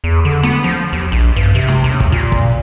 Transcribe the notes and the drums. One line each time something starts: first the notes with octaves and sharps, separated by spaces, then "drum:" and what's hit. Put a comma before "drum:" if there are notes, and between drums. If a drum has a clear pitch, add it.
E2
D3
B3, drum: snare
F3
D#2
A#1
G2
C3
drum: snare
D#2
drum: kick
A#2
drum: kick